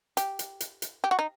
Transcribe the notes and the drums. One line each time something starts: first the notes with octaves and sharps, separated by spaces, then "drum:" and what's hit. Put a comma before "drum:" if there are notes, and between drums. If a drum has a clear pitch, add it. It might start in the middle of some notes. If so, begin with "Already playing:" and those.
G4, drum: hi-hat
drum: hi-hat
drum: hi-hat
drum: hi-hat
G4
F#4
D#4